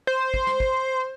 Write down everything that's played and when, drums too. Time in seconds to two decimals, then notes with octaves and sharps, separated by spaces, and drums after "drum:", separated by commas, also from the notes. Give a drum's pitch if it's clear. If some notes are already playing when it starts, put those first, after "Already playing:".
0.07 C5
0.34 drum: kick
0.47 drum: snare
0.60 drum: kick